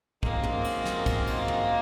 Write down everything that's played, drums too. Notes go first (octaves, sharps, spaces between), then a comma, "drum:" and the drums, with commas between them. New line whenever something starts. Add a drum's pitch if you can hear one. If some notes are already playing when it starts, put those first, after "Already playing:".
F#2 D#3 G#3 A#3 C4 F4, drum: kick
drum: tom
drum: cymbal
drum: snare
drum: kick, cymbal
drum: cymbal
drum: tom